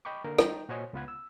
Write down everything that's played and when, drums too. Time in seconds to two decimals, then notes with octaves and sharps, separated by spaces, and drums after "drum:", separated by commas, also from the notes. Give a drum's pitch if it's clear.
0.05 D#5 G5 B5 C#6 D6
0.24 D3 A#3 A#4
0.38 D#4 G5, drum: rim click
0.69 A#2 F#4 C5 C#5 D#5 G#5
0.93 C#2 B3 F4 B4 F#5 G#6
1.08 E6